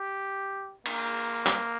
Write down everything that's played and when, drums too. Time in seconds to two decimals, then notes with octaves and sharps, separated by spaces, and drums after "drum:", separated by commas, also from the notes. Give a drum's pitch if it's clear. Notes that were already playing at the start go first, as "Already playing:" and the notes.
Already playing: G4
0.86 A#3, drum: cymbal
1.47 drum: clap